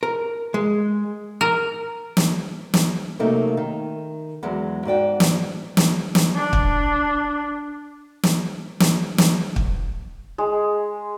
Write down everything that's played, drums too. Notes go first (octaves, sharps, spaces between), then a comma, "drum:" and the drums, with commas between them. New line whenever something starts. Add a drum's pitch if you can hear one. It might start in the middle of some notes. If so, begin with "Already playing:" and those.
A#4
G#3
A#4
drum: snare
drum: snare
C3 F#3 A3 A#3 D#4
D#3
E2 F#3 G#3
G#2 F#4 D5 G5
drum: snare
drum: snare
drum: snare
D4
drum: kick
drum: snare
drum: snare
drum: snare
drum: kick
G#3